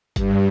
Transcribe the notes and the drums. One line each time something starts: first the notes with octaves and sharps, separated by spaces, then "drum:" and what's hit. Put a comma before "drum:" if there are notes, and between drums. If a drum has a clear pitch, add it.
G2, drum: kick F#1, hi-hat